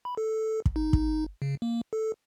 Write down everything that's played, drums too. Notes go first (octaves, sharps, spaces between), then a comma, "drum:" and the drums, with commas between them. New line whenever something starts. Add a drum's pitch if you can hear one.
B5
A4
drum: kick
D#4
drum: kick
C#3
A#3
A4